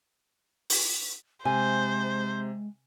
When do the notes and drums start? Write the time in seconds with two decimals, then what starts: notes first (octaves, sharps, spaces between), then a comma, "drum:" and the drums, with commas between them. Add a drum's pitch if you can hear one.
0.70 drum: open hi-hat
1.45 C3 G#3 C5 G#5